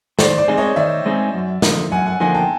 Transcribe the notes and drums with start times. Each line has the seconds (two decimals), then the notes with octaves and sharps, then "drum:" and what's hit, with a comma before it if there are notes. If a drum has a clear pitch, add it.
0.19 D#3 C5 D5, drum: snare
0.38 C5 D5
0.48 G#3 C4 D#4 G#4
0.58 C#5 D#5
0.76 D#3 D5 E5
1.06 G#3 C4 D#4 G#4
1.34 F#2
1.62 D3 F3 A#3 D#4, drum: snare
1.91 F#2 F#5 G#5
2.06 F#5 G#5
2.20 D3 F3 A#3 D#4 F#5 G#5
2.35 G5 A5